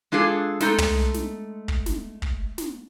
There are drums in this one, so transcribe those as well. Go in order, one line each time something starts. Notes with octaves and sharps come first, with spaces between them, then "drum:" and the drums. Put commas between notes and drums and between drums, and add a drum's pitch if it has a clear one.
G#3 D4 F4 G#4 A4
G#3 A3 D#4 A4, drum: snare
drum: tom
drum: snare
drum: kick
drum: snare
drum: kick
drum: snare